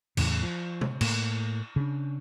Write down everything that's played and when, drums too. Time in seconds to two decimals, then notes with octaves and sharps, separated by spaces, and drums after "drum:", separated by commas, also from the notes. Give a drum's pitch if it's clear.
0.17 E2 A2 C#3, drum: cymbal
0.43 F3
0.81 drum: tom C3
1.01 A2 A#3, drum: cymbal
1.76 C#3 D4